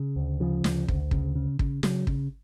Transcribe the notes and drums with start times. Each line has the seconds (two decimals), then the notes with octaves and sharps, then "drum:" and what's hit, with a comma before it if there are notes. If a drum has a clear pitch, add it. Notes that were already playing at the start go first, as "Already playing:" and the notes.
Already playing: C#3
0.16 D2
0.40 C#3 F3
0.64 D2, drum: snare
0.88 D2, drum: kick
1.11 C#3, drum: kick
1.35 C#3
1.59 C#3, drum: kick
1.83 C#3 F#3, drum: snare
2.07 C#3, drum: kick